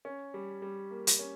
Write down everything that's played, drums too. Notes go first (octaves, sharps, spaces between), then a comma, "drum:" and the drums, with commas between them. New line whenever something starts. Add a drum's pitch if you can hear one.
C#4
G3
G3
A#3
drum: hi-hat
C#4